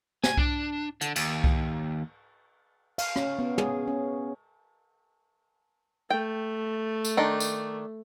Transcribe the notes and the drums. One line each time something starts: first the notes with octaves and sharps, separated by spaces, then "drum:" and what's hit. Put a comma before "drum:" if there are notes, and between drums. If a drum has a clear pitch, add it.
G#5, drum: snare
D4, drum: kick C2
D3, drum: hi-hat
D#2, drum: cymbal
drum: kick C2
F5, drum: cymbal
C#4, drum: rim click
B3
G#4, drum: tom
C#4
A3 G5
drum: tambourine
D#3 D4 D#4
drum: tambourine